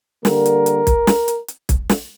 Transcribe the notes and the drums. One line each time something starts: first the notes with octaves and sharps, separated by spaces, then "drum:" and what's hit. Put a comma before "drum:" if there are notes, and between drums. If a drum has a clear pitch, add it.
D3 G3 A#3 A#4, drum: snare
drum: hi-hat
drum: hi-hat
drum: kick, hi-hat
drum: snare
drum: hi-hat
drum: hi-hat
drum: kick, hi-hat
drum: snare